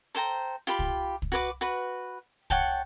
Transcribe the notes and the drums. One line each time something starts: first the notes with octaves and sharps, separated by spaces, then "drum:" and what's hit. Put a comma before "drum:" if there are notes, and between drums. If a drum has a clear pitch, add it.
A4 C5 G5 A#5
F4 G4 B5
drum: kick
drum: kick
F#4 B4 D6
F#4 B4
C#5 F#5 G5 A5, drum: kick